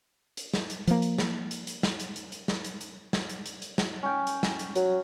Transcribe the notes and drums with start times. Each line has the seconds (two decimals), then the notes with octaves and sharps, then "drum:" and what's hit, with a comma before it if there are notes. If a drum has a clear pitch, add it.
0.37 drum: hi-hat
0.54 drum: snare
0.70 drum: hi-hat
0.87 F3 A#3, drum: hi-hat
1.02 drum: hi-hat
1.18 drum: snare
1.51 drum: hi-hat
1.67 drum: hi-hat
1.83 drum: snare
2.00 drum: hi-hat
2.16 drum: hi-hat
2.32 drum: hi-hat
2.48 drum: snare
2.64 drum: hi-hat
2.81 drum: hi-hat
3.13 drum: snare
3.29 drum: hi-hat
3.46 drum: hi-hat
3.62 drum: hi-hat
3.78 drum: snare
4.03 C#4 G5
4.27 drum: hi-hat
4.43 drum: snare
4.59 drum: hi-hat
4.75 F#3, drum: hi-hat